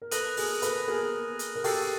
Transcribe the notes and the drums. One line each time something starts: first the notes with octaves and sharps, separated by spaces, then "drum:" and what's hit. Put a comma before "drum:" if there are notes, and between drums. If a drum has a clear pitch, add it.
A#4
A4 B4 D#6 F#6 A#6 D#7 F#7, drum: hi-hat
G#4 A#4, drum: open hi-hat
A4 B4, drum: hi-hat
G#4 A#4
drum: hi-hat
A#4
G4 A4 C#6 E6 A6 C7, drum: open hi-hat